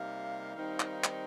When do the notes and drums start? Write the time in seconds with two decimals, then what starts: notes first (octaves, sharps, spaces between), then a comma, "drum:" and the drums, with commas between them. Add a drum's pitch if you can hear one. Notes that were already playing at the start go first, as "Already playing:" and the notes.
Already playing: C3 G3 A#3 D#4 F5
0.56 D#3 G3 C4 D#4
0.80 drum: clap
1.04 drum: clap